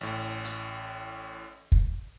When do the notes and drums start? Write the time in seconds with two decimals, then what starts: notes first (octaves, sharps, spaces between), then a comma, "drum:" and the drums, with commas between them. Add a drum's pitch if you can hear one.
0.01 A1 A2
0.45 drum: hi-hat
1.72 drum: kick